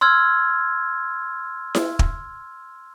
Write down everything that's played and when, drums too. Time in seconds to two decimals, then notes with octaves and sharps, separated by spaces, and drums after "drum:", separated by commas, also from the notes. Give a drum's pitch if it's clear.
0.01 C6 E6 F6 G#6
1.75 drum: snare E4
1.99 drum: kick